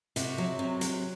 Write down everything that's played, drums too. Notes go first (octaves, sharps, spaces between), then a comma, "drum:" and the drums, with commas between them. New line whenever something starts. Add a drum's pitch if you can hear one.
C3 F#4, drum: hi-hat
F#3
C3
F#3, drum: hi-hat